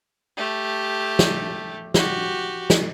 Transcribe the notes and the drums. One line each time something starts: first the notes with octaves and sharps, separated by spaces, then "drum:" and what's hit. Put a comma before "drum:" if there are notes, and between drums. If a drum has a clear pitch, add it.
A3 G4
drum: snare
F#4 G4, drum: snare
drum: snare